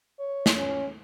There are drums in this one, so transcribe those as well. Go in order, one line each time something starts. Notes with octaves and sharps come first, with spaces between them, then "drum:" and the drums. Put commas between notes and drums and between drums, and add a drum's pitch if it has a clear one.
C#5
drum: snare
C#4